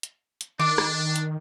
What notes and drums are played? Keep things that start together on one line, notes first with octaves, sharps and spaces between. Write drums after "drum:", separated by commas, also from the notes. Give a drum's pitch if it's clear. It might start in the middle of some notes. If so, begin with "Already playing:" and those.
drum: hi-hat
drum: hi-hat
D#3 D4 D6
drum: rim click
drum: hi-hat